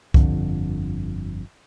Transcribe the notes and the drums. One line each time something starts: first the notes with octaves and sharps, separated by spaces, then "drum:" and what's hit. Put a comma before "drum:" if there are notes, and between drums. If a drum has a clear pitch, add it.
G1 F2 D3, drum: kick C2